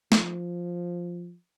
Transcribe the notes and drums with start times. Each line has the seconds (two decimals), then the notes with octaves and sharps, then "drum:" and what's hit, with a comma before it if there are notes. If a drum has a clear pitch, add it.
0.12 F3, drum: snare